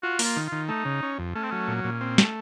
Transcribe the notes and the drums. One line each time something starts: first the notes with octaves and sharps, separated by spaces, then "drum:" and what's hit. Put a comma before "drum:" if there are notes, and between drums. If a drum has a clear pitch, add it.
F4 F#4
A#3, drum: open hi-hat
F4
D#3
F4
D#3
A3 D#4
C#3
C#4
F2
A3 C#4
C4
F#3 C#4
A#2
A#2
C4
A3, drum: snare